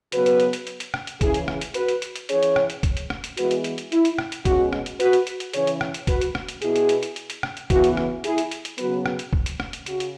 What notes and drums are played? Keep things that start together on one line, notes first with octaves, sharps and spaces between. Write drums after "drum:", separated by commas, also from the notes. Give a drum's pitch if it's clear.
C#3 F#3 B3 F#4 B4, drum: hi-hat
drum: hi-hat
drum: hi-hat
drum: hi-hat
drum: hi-hat
drum: hi-hat
drum: rim click
drum: hi-hat
C#3 E3 C#4 E4 G#4, drum: kick, hi-hat
drum: hi-hat
drum: rim click
drum: hi-hat
F#4 B4, drum: hi-hat
drum: hi-hat
drum: hi-hat
drum: hi-hat
E3 C#4 G#4 C#5, drum: hi-hat
drum: hi-hat
drum: rim click
drum: hi-hat
drum: kick, hi-hat
drum: hi-hat
drum: rim click
drum: hi-hat
E3 G#3 B3 F#4 B4, drum: hi-hat
drum: hi-hat
drum: hi-hat
drum: hi-hat
E4, drum: hi-hat
drum: hi-hat
drum: rim click
drum: hi-hat
B2 G#3 C#4 F#4, drum: kick, hi-hat
drum: rim click
drum: hi-hat
F#4 B4, drum: hi-hat
drum: hi-hat
drum: hi-hat
drum: hi-hat
C#3 E3 C#4 G#4 C#5, drum: hi-hat
drum: hi-hat
drum: rim click
drum: hi-hat
F#4 B4, drum: kick, hi-hat
drum: hi-hat
drum: rim click
drum: hi-hat
B2 B3 E4 G#4, drum: hi-hat
drum: hi-hat
drum: hi-hat
drum: hi-hat
drum: hi-hat
drum: hi-hat
drum: rim click
drum: hi-hat
C#3 E3 B3 F#4, drum: kick, hi-hat
drum: hi-hat
drum: rim click
E4 G#4, drum: hi-hat
drum: hi-hat
drum: hi-hat
drum: hi-hat
C#3 F#3 B3 F#4 B4, drum: hi-hat
drum: rim click
drum: hi-hat
drum: kick
drum: hi-hat
drum: rim click
drum: hi-hat
C#3 F#4, drum: hi-hat
drum: hi-hat